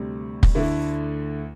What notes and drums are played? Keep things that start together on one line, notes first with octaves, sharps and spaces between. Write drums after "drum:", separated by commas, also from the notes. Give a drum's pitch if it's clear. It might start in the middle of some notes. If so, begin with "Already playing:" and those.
Already playing: D2 C3 G3
drum: kick
D2 D3 A3 E4